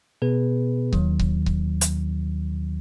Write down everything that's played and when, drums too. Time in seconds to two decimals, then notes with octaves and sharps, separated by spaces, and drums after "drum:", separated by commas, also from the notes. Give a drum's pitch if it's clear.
0.22 B2 B3 G#4 B4
0.93 D#2 D#3 F#3, drum: kick C#1
1.19 drum: kick C#1
1.46 drum: kick C#1
1.81 drum: hi-hat